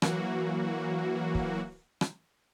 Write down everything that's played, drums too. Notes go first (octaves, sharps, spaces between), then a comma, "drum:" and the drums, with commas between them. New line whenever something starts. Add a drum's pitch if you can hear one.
E3 F#3 A#3 F#4, drum: rim click
drum: kick
drum: rim click